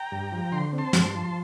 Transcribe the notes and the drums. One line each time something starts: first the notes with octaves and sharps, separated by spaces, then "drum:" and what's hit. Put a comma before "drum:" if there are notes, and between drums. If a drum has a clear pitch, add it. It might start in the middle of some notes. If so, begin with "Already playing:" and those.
Already playing: G5 A#5
G2
F3
D3 C6
C4
A5 C6
G2, drum: snare
F3